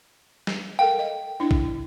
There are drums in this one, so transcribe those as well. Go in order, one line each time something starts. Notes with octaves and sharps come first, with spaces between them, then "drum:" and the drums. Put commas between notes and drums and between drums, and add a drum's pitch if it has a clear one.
drum: snare
A4 A#4 F5 G5
D#5
D4 E4
drum: kick A1